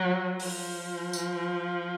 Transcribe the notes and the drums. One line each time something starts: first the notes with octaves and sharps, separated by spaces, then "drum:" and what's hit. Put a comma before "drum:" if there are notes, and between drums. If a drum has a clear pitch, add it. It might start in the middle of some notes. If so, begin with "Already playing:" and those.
Already playing: F#3
F3, drum: open hi-hat
drum: tambourine